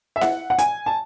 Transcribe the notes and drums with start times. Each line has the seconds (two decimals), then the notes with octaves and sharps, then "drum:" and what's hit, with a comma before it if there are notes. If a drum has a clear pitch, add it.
0.16 E5
0.21 F#5, drum: snare E4
0.50 F#5
0.59 G#5, drum: hi-hat
0.86 A5